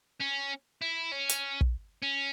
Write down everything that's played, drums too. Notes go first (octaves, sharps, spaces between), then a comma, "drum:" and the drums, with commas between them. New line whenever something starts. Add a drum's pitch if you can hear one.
C#4
E4
C#4
drum: hi-hat
drum: kick
C#4